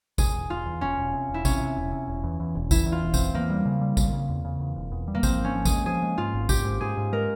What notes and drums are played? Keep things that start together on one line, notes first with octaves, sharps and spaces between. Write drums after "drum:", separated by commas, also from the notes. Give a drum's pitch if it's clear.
E1 G#4, drum: kick A1, tambourine
E1
E1 F4
E2
E1 C#4
E1
C3
E1 E4
C3 C#4, drum: kick A1, tambourine
C3
E1
C3
E1
E2
E2
E1
E2 E4, drum: kick A1, tambourine
E2
F4
E1
E2 C4, drum: kick A1, tambourine
E2 A#3
G3
C#3
G3
C#3, drum: kick A1, tambourine
C#3
E2
C#3
E2
E1
E2
G3
A#3
F3 C4, drum: kick A1, tambourine
G#1
C#4
F3
G#3 G#4, drum: kick A1, tambourine
F3 G#4
G#3
G#2 F4
G#1
G#1 G4, drum: kick A1, tambourine
G#2
G#2 G#4
G#2
G#3 A#4